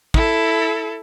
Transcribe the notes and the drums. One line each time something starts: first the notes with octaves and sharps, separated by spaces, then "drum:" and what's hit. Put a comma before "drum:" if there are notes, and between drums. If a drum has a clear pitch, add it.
E4 A4, drum: kick